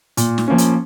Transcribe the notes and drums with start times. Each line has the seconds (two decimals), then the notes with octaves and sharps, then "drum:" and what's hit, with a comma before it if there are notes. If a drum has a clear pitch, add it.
0.17 A#2, drum: hi-hat
0.38 drum: snare
0.48 F3 A#3 C#4
0.58 drum: hi-hat